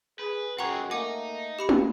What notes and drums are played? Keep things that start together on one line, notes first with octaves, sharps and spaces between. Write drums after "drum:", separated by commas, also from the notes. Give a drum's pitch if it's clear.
G#4 B4
C#2 F#2 C4 F#4 G#4 F#5 A#5 C#6
A3 A#3 D#4 F#5 G#5 D6
G4 B5 C#7
drum: tom